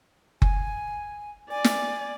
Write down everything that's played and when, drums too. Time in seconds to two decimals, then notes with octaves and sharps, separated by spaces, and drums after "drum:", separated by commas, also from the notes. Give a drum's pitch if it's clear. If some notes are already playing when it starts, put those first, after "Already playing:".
0.42 G#5, drum: kick F#1
1.51 D5 G#5
1.64 drum: snare